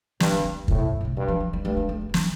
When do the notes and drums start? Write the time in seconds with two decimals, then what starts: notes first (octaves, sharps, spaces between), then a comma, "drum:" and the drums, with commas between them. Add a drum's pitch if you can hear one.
0.20 G2 G3, drum: snare
0.33 F3
0.45 G3
0.64 D3
0.68 A2 C3, drum: kick
0.80 G2
1.00 A2
1.05 C3
1.17 G2 D3
1.28 F3
1.40 F3
1.53 G3
1.65 G2 A3
1.77 G3
1.89 A3
2.01 G3
2.09 D3
2.14 F3, drum: snare